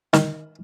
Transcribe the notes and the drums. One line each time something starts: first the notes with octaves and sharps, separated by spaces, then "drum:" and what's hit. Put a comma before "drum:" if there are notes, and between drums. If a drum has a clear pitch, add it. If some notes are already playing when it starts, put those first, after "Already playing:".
D#3, drum: snare